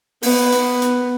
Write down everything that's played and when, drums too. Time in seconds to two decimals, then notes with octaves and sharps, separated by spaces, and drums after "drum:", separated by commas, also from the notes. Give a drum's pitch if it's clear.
0.23 B3, drum: open hi-hat
0.52 drum: hi-hat
0.82 drum: hi-hat